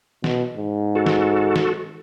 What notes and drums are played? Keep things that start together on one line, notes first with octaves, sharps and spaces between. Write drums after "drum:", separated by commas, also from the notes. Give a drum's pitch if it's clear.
B2, drum: snare
G#2
F#4 A4
drum: snare
drum: snare